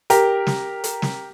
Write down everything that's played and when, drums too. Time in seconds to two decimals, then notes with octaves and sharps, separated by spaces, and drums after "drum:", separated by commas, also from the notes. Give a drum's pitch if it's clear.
0.10 G4 A#4, drum: hi-hat
0.47 drum: snare
0.84 drum: hi-hat
1.02 drum: snare